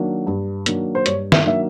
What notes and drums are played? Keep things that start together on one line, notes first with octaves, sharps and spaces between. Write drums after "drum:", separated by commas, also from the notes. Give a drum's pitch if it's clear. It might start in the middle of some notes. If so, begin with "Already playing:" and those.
Already playing: D#3 F#3 A#3 D4
G2
D#3 F#3 A#3 D4, drum: hi-hat
C5
G2 C#5, drum: hi-hat
E5, drum: snare
D#3 F#3 A#3 D4 E5